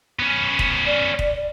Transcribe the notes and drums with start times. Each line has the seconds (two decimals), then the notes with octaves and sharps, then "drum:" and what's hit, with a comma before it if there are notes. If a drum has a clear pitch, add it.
0.19 B3 C#4
0.59 drum: kick
0.86 D5
1.19 drum: kick